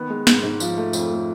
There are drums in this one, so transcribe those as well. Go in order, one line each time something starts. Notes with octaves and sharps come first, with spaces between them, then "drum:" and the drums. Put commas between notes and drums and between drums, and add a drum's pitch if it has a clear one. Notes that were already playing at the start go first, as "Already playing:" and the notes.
Already playing: D#3 B3
G#3
G#2, drum: snare
G#2
F3, drum: tambourine
A3
F2, drum: tambourine
A3